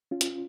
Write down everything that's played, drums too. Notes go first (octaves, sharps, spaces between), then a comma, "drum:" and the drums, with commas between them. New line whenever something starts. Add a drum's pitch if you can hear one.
C#4 F4
drum: hi-hat